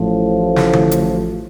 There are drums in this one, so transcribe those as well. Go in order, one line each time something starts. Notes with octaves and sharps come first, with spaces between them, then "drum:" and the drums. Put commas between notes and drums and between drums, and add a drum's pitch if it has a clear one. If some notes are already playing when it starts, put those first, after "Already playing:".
Already playing: A1 A2 F3
drum: snare
drum: tom D3
drum: hi-hat